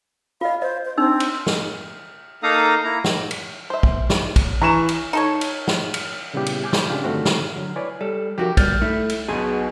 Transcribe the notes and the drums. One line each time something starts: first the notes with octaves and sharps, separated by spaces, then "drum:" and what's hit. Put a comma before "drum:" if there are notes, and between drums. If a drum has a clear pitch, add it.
F4 D#5 F5
C5 D#5
C5
C4 D4 D#4 E6
drum: cymbal
drum: snare
A#3 D#4 A4 F5 A#5 D#6
A#3 E4 A#5
drum: snare
drum: cymbal
C5 E5
drum: kick
drum: snare
drum: kick, cymbal
E3 A#5 C#6 E7
drum: cymbal
D#4 A4 C#5
drum: cymbal
drum: snare
drum: cymbal
A#2 C#3 G3 B3 E4 G4
drum: cymbal
G#5 D6 G6
drum: snare
C#3 C4 D4 F4 G4
G2 D3 D#3 A3 C4 F#4
drum: snare
D3 F#3
E4 B4 C#5 D5 G#5
G3 A4
F3 F#4 G4 A#4
D2 G3 F6 G6 A6, drum: kick, cymbal
A3 E4
drum: cymbal
B1 B2 G#4